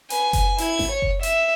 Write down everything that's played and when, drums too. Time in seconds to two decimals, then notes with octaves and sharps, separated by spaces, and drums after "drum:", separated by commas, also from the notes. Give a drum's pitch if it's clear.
0.10 B4 G#5, drum: hi-hat
0.33 drum: kick F#1, hi-hat
0.58 E4 G#6, drum: hi-hat
0.79 drum: snare G#1
0.92 C#5
1.02 drum: kick F#1
1.23 E5, drum: hi-hat